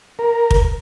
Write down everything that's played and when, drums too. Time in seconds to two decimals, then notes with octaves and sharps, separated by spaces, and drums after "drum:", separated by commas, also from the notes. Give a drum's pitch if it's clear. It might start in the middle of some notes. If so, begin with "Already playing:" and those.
0.19 A#4
0.51 drum: kick